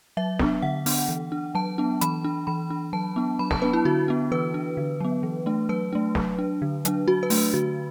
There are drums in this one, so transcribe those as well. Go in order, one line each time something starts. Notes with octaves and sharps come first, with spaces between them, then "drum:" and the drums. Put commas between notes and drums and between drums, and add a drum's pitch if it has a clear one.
F#3 E5
B3 D4, drum: snare
D3 F#5
B3 D4, drum: open hi-hat
E3
D4
F#3 A5
B3 D4
E3 B5, drum: hi-hat
D4
E3 B5
D4
F#3 A5
B3 D4
F#3 B5
A5, drum: snare
B3 D4 B4
E4
D3 F#4
B3 D4
E3 B4
D4
D3
F#3 B3
E3
A3 D4
F#3 B4
A3 D4
F#3, drum: snare
D4
D3
F#3 D4, drum: hi-hat
F#3 F#4
B4
A3 D4, drum: open hi-hat
B4
D3 F#4